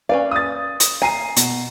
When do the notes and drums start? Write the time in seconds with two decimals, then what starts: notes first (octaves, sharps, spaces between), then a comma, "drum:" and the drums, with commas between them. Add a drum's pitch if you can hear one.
0.09 C#4 B4 D5 F5
0.31 D#6 A6
0.80 drum: hi-hat
1.02 G#5 A#5 C7 D#7
1.36 B2, drum: hi-hat